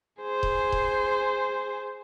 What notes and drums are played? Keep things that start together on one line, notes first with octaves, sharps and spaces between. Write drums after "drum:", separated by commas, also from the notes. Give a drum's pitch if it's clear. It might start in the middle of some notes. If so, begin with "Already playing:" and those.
G#4 C5
drum: kick D#1
drum: kick D#1